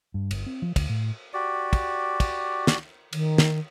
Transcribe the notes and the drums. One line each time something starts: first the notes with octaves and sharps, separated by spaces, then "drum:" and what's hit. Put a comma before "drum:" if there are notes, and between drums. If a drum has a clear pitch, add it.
G2
G1, drum: cymbal
C4
F3
D2, drum: kick, cymbal
A2
F#4 G4 D5
drum: kick, cymbal
drum: kick, cymbal
drum: snare
D#3, drum: cymbal
drum: snare